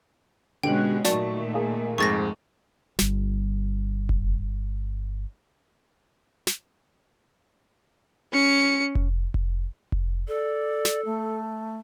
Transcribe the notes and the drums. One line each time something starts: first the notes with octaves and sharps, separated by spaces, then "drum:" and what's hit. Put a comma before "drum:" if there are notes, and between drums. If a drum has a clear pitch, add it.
B2 D3 G#3 C#4 G4 G5 F#6
A#2 D#3 F#3 A3 F#4 D5 A5 C#6, drum: snare
A#3 G#4 A#4
F2 G#2 G#3 C#6 A6 A#6
G1 G3, drum: snare
drum: kick F1
drum: snare
C#4 C#7
drum: kick F1
drum: kick F1
drum: kick F1
A4 D5
drum: snare
A3